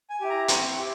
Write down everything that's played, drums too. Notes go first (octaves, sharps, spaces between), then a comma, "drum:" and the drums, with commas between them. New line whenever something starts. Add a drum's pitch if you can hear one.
G#5
E4 G4
A#5
C4 C#6, drum: hi-hat
C6
E4 G4